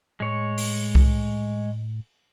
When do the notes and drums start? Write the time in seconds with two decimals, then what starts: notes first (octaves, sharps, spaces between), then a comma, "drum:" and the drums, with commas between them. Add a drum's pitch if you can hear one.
0.20 A2 G#3 C#5
0.58 drum: open hi-hat
0.95 drum: kick C2